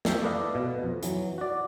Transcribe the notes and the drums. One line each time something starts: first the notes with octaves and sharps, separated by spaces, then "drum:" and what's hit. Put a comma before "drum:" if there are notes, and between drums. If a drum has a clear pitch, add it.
F2 A4 G5, drum: snare
E4 A4 B4 D5 D#5 F5
B2
F2
E3 F#3, drum: hi-hat
F#4 D5